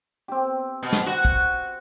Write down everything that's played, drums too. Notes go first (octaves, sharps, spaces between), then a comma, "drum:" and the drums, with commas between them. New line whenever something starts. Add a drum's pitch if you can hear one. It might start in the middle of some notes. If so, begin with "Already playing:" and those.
C4 G4
B2
drum: snare
F#4
drum: kick